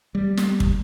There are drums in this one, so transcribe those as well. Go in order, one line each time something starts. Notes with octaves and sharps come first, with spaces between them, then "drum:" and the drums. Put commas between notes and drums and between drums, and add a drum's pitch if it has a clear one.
G3
drum: snare
drum: kick